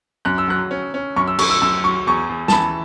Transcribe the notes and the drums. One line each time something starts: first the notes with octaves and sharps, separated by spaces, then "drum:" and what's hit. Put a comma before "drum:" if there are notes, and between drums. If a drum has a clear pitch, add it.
F#2 F#6
E6
F#3 F#6
C#4
C#4
F#2 C#6
E6
F#2 C#6, drum: cymbal
E6
F#2 E6
F#3 C#6
E2 C#6
E2
A5, drum: snare
E3 B5